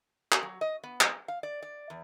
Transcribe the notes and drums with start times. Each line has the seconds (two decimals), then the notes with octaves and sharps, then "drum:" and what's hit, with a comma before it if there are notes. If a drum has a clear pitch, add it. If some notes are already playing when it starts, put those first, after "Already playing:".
0.32 drum: clap
0.43 F#3
0.61 D#5
0.84 B3
1.01 drum: clap
1.28 F5
1.43 D5
1.63 D5
1.90 E2